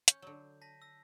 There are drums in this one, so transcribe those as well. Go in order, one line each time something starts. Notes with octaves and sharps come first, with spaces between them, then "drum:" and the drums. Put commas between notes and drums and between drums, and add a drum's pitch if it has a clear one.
C#4 G6, drum: hi-hat
D3 F#3
A5 A#6 B6
E6 A#6